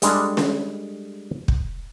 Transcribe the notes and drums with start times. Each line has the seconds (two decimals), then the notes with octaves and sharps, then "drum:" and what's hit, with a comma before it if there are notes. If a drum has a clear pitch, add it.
0.02 G3 G#3 D4 A4, drum: hi-hat
0.37 drum: snare
1.48 drum: kick